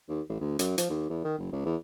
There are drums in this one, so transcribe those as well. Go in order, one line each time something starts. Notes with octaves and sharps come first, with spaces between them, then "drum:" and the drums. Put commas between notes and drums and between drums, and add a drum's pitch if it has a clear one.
D#2
A1
D2
F#2, drum: hi-hat
F3, drum: hi-hat
D#2
E2
D#3
F#1
C#2
E2